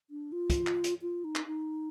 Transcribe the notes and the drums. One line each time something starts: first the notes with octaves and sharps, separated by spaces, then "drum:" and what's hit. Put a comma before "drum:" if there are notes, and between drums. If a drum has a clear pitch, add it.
D4
F4
drum: kick, hi-hat
drum: clap
drum: hi-hat
F4
D#4
drum: clap
D#4